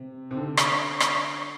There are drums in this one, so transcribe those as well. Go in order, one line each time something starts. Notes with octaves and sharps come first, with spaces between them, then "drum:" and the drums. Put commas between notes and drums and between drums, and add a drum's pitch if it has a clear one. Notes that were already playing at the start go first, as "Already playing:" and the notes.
Already playing: C3
C3
D3
drum: rim click
drum: rim click